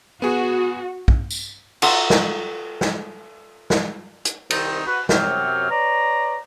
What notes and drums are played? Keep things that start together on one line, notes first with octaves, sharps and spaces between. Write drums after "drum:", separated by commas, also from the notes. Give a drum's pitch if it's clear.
B3 F#4 G#4
drum: kick
drum: tambourine
F4 F#4 A4 A#5 D#6, drum: cymbal
drum: snare
drum: snare
drum: snare
drum: hi-hat
C2 D#3 C4 D#4, drum: cymbal
F#4 B4
F#2 C3 F#3 G5 F6, drum: snare
B4 C#5 D5 A#5